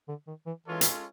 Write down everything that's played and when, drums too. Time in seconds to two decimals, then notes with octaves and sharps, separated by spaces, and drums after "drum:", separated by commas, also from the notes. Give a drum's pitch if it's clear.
0.08 D3
0.28 D#3
0.47 E3
0.66 E3 G#3 C#4 F4 A4 C#5
0.81 drum: hi-hat